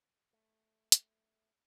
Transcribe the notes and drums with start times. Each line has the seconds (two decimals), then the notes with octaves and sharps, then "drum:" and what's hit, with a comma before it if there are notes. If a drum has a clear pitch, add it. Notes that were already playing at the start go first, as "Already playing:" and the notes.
0.33 A3
0.92 drum: hi-hat